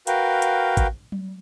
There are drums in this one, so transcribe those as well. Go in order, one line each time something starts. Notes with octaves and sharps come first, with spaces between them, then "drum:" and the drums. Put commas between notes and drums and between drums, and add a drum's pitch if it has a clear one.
F#4 A#4 B4 F5 G5, drum: hi-hat
drum: hi-hat
drum: kick, hi-hat
drum: tom F#3